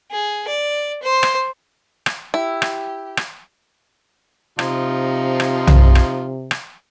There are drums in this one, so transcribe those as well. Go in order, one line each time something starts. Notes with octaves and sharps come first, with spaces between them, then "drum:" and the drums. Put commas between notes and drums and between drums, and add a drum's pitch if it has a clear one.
G#4
D5
C5
drum: rim click
drum: rim click
E4 G4
drum: rim click
drum: rim click
C3 F3 D#4 F4, drum: rim click
drum: rim click
drum: tom
drum: rim click
drum: rim click